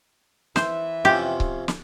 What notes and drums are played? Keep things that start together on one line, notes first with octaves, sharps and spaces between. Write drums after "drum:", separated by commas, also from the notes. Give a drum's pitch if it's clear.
E3 C5 E5, drum: snare
F2 C3 C#4 G4
drum: kick C#1
drum: snare